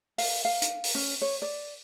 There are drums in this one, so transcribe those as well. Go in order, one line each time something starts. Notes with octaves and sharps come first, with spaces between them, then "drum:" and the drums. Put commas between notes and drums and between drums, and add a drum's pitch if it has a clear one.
F5, drum: open hi-hat
F5
drum: hi-hat
drum: open hi-hat
C#4
C#5
D5